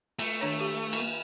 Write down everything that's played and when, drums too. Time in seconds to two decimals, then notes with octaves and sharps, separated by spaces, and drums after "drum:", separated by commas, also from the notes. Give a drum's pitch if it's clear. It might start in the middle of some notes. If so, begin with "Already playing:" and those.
0.19 A3, drum: cymbal
0.41 D#3 D4 C#5
0.60 G4
0.93 drum: cymbal